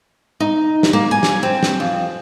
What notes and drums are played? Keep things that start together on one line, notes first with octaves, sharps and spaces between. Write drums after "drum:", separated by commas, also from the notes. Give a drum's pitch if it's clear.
D#4
drum: snare
A#3
G#5
drum: snare
C4
drum: snare
F2